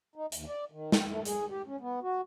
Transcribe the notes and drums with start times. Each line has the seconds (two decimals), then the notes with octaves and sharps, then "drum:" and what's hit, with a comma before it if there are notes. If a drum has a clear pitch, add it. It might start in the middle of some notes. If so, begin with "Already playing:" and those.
0.16 D#4
0.32 D#2, drum: hi-hat
0.48 D5
0.71 D#3
0.92 G5, drum: snare
1.10 A3
1.25 G#4, drum: hi-hat
1.50 G4
1.66 C#4
1.80 B3
2.03 F#4